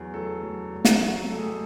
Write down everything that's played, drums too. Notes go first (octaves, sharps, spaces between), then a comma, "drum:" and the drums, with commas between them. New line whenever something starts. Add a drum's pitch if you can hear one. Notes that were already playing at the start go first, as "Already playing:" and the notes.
Already playing: E2 F#3
F#3 A4
F#3
F1
drum: snare
F#3
F1 A4
G#4
G4